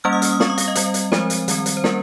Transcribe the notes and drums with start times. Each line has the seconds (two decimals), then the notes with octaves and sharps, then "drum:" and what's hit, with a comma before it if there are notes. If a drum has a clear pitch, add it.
0.04 G3 A#3 C#4 F6
0.13 D#6
0.22 F6, drum: hi-hat
0.31 D#6
0.40 G3 C4 C#6, drum: snare
0.50 D#6
0.58 F5, drum: hi-hat
0.68 D#5
0.75 G3 C4, drum: hi-hat
0.94 drum: hi-hat
1.12 F3 G#3 C4 C5, drum: snare
1.30 drum: hi-hat
1.48 D#3 G3 C4, drum: hi-hat
1.66 drum: hi-hat
1.77 C5
1.84 G3 A#3 C#4 A#4, drum: snare